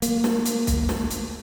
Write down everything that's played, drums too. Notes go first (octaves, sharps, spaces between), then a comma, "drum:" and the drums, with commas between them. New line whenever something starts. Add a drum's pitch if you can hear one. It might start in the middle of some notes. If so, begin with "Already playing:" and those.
A#3, drum: hi-hat
drum: snare
drum: hi-hat
drum: kick, hi-hat
drum: snare
drum: hi-hat